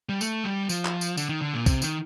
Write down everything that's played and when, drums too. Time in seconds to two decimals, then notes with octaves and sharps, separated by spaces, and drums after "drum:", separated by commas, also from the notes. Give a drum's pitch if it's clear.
0.09 G3
0.21 A3, drum: tambourine
0.44 G3
0.69 F3, drum: tambourine
0.85 drum: clap
1.01 drum: tambourine
1.17 D3, drum: tambourine
1.29 D#3
1.42 D3
1.54 A#2
1.66 C3, drum: kick, tambourine
1.82 D#3, drum: tambourine